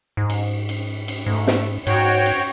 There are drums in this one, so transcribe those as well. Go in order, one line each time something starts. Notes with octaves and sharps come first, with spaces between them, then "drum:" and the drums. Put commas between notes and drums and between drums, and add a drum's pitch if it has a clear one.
G#2
drum: cymbal
drum: cymbal
drum: cymbal
G#2 A3
drum: snare
G#2 F#4 C#5 G5, drum: cymbal
drum: cymbal